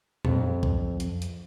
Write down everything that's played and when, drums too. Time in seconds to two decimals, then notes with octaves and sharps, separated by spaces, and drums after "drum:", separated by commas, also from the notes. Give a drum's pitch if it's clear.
0.25 F2, drum: tom A#2
0.63 drum: kick
1.00 drum: hi-hat
1.22 drum: hi-hat